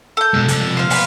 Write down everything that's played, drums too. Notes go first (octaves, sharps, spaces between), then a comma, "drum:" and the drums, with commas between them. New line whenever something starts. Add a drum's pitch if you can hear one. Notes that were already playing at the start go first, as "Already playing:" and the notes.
A4 G6
B2 G#3
C3 F3, drum: hi-hat
C5 F5
B3 B4, drum: open hi-hat